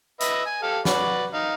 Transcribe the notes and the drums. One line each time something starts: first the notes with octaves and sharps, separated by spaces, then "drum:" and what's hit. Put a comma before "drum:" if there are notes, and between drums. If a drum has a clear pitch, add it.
B4 D#5 E5, drum: hi-hat
G#5
G4 A4 F5
F#4 B4 D5, drum: snare
D#4 F5